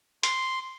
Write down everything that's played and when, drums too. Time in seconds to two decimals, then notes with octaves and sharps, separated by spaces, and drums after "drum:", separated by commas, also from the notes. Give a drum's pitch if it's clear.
0.23 C6, drum: hi-hat